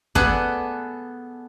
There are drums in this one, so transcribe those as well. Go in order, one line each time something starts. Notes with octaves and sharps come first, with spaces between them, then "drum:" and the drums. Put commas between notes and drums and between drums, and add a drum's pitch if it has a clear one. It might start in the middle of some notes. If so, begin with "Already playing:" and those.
B3 G#4 A4 D5 F#5, drum: kick